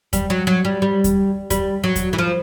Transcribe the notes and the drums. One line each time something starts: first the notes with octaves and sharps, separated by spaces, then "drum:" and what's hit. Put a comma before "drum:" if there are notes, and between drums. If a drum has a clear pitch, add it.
G3, drum: kick D#2, hi-hat
F#3
F#3
G3
G3
drum: kick D#2, hi-hat
G3, drum: kick D#2, hi-hat
F#3
drum: kick D#2, hi-hat
E3
F3